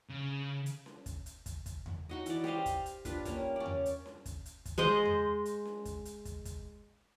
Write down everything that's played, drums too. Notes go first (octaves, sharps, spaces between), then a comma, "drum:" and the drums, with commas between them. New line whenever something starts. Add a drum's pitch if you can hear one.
C#3
drum: hi-hat
drum: snare C#4
drum: kick, hi-hat
drum: hi-hat
drum: kick, hi-hat
drum: kick, hi-hat
drum: tom E2
D#4 F#4 D#5
E3 D5, drum: hi-hat
G4 C5 D#5 F5, drum: snare C#4
drum: kick, hi-hat
drum: hi-hat
D4 F4 B4, drum: kick, hi-hat
G3 A#3 C#4, drum: kick, hi-hat
C#4 D5
drum: tom E2
drum: hi-hat
drum: snare C#4
drum: kick, hi-hat
drum: hi-hat
drum: kick, hi-hat
G#3 C5 D#5
drum: tom E2
drum: hi-hat
drum: snare C#4
drum: kick, hi-hat
drum: hi-hat
drum: kick, hi-hat
drum: kick, hi-hat